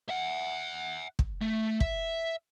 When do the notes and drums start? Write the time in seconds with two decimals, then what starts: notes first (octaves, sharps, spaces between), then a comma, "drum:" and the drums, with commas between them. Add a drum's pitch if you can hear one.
0.09 E5 F#5
1.19 drum: kick
1.41 A3
1.80 E5, drum: kick